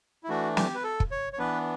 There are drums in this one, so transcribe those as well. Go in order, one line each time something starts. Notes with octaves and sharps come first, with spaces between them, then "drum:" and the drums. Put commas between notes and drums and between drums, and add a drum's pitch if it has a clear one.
E4
E3 A3 D4 F#4
G4, drum: snare
B4
A4
drum: kick
C#5
C#5
E3 B3 D4 B4